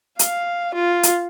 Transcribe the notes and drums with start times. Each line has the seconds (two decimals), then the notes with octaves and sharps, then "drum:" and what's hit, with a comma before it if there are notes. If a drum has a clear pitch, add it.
0.19 F5, drum: hi-hat
0.75 F4
1.03 drum: hi-hat